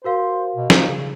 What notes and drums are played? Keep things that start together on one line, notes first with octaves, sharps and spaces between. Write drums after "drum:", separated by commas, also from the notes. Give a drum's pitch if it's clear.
F#4 A#4 C5 F5
B2
D#4, drum: snare
C#3